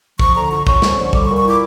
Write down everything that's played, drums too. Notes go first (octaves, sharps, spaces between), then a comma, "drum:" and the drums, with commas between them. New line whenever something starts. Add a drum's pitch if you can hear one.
F3 C#6, drum: kick
D3 A#5
F4 C#6
C#4 C#6, drum: kick
F3, drum: snare
D3
G3 D6, drum: kick
C#6
A#2
C#6
E4 D6